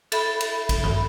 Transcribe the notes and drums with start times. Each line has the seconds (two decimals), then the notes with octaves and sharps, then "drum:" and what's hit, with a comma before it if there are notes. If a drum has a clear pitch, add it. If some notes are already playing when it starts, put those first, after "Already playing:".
0.12 A4 E5 B5, drum: cymbal
0.41 drum: cymbal
0.69 drum: kick A1, cymbal
0.84 drum: tom G2